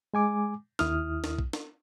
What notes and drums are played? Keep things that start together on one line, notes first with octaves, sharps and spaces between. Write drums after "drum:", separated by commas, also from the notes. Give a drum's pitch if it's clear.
G#3 G#5 D6
D#2 E4 D#6 F6, drum: snare
drum: snare
drum: kick
drum: snare